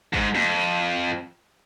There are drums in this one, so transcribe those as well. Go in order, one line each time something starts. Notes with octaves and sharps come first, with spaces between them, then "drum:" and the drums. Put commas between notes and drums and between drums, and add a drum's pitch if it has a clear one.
G#2, drum: kick
F2, drum: tom G#3